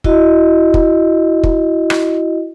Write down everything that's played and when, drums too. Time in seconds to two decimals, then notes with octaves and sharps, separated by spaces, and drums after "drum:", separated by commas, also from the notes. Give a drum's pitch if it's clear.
0.04 E4 F#4 D#5, drum: kick
0.74 drum: kick
1.44 drum: kick
1.90 drum: rim click